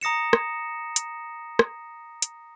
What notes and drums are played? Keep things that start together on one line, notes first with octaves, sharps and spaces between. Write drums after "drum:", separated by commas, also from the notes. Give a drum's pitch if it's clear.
A#5 D#6 A#6 C#7 E7
drum: rim click
drum: hi-hat
drum: rim click
drum: hi-hat